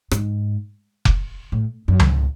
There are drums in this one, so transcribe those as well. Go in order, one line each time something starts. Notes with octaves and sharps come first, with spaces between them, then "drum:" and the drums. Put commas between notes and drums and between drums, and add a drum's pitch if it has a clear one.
G#2, drum: rim click
drum: kick F1
A2
F#2
drum: tom C#2